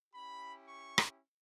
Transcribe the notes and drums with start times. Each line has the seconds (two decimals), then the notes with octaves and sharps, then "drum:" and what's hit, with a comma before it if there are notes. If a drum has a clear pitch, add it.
0.14 C#4 E4 G4 B5
0.67 C#6
0.98 drum: rim click